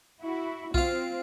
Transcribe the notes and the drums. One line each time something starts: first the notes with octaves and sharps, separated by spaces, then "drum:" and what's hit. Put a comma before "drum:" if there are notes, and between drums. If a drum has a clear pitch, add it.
E4 F#4
C4 F4 F5, drum: kick B1